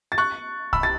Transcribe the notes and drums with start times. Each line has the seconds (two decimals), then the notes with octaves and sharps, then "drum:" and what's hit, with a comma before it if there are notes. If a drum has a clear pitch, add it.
0.12 A6
0.18 C#6 F#6
0.73 B5 E6, drum: kick
0.83 A6